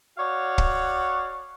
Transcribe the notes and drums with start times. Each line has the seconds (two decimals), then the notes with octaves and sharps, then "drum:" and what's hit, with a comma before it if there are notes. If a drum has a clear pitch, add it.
0.18 F#4 C#5 D5 F5 F#5
0.58 drum: kick